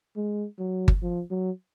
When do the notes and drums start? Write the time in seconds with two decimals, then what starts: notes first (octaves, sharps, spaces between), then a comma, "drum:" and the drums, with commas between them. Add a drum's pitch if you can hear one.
0.16 G#3
0.59 F#3
0.88 drum: kick G1
1.02 F3
1.31 F#3